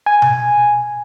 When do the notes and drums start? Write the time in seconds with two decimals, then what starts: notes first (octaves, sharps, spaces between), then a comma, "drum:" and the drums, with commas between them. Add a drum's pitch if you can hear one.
0.06 G#5
0.22 drum: tom B2